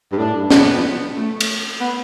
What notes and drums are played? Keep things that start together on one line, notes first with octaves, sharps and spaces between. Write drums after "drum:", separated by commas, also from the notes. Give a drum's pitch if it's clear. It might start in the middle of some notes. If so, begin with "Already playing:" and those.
G2
A2 D4
G2
B2 B3, drum: snare
C3
F3
A3
drum: cymbal
B3